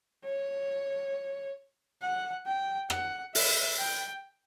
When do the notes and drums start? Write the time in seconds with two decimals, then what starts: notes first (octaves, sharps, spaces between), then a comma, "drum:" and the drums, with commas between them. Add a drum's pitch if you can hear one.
0.25 C#5
2.02 F#5
2.46 G5
2.90 F#5, drum: rim click
3.35 E5, drum: open hi-hat
3.79 G5